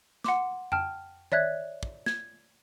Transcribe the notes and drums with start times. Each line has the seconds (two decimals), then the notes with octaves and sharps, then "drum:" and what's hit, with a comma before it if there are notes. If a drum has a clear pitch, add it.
0.24 F#5 C6 D6, drum: snare
0.72 G5 A5 F6, drum: tom F2
1.32 C#5 D5 E5 F#6 G#6, drum: tom D#3
1.83 drum: kick
2.06 G#6, drum: snare